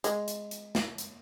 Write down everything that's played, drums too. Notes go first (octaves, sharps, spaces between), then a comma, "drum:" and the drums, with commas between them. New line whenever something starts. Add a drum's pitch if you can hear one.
G#3, drum: hi-hat
drum: hi-hat
drum: hi-hat
drum: snare
drum: hi-hat